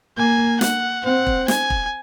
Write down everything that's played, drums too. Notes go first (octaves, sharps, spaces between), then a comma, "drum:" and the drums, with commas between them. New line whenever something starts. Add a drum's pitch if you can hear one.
A#3 G#5
F#5, drum: snare
C4 F#5
drum: kick E1
G#5, drum: snare
drum: kick E1